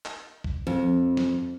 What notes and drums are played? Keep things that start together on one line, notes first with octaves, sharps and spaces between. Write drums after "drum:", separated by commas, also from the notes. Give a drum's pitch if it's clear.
drum: clap
drum: kick
F2
drum: snare